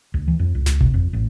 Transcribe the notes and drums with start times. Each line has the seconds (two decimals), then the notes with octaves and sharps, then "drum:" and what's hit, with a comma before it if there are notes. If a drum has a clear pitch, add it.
0.14 D2
0.28 E3
0.39 F2
0.55 C#2
0.66 C#2, drum: snare
0.81 C3, drum: kick G1
0.94 F2
1.13 A1